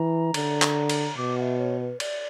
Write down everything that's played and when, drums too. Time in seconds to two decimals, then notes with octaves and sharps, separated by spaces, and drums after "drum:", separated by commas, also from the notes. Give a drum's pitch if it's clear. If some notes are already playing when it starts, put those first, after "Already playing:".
Already playing: E3 A#5
0.34 D3, drum: cymbal
0.62 drum: clap
0.90 drum: cymbal
1.17 B2 D6
1.38 F#5
1.42 E5
1.58 C#5
1.80 B4
2.00 D5, drum: cymbal